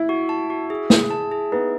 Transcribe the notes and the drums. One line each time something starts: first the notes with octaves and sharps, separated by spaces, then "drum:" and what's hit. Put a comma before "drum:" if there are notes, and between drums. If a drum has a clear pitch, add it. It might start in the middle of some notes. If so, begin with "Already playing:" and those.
Already playing: E4
F#4
A5
F#4
G#4
G#4, drum: snare
A5
G#4
B3 D#4